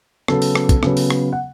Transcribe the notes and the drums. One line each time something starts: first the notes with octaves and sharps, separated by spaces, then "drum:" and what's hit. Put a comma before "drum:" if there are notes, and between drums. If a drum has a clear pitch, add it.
C#3 F#3 B3 A4, drum: rim click
drum: open hi-hat
drum: rim click
drum: kick, hi-hat
C#3 F#3 B3, drum: rim click
drum: open hi-hat
drum: rim click
F#5